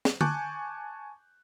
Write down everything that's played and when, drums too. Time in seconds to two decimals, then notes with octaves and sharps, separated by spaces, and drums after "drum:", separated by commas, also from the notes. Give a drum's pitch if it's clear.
0.05 drum: snare
0.21 G#5 A5 C#6 D6 F#6 G6, drum: tom D3